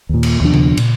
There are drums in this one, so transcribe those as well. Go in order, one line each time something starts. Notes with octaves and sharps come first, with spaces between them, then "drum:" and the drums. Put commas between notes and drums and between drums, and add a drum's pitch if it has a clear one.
D#2 A#2
drum: cymbal
D#2 B2 F3 D4
drum: tom C#3
A#2, drum: cymbal